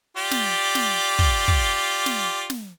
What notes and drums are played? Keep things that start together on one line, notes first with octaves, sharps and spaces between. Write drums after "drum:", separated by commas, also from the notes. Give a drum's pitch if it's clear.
F4 G4 D5
drum: snare
drum: snare
drum: kick
drum: kick
drum: snare
drum: snare